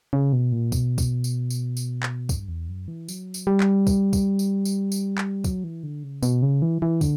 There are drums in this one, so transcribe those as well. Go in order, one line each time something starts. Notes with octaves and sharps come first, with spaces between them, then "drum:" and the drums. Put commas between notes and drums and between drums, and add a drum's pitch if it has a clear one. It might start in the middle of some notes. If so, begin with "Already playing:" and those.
C#3
B2
A#2
B2, drum: kick, tambourine
drum: kick, tambourine
drum: tambourine
drum: tambourine
drum: tambourine
drum: clap
G2, drum: kick, tambourine
E2
F#2
E3
F#3, drum: tambourine
drum: tambourine
G3
drum: clap
drum: kick, tambourine
drum: kick, tambourine
drum: tambourine
drum: tambourine
drum: tambourine
drum: clap
F#3, drum: kick, tambourine
E3
D3
C#3
B2, drum: tambourine
C#3
E3
E3
D3, drum: kick, tambourine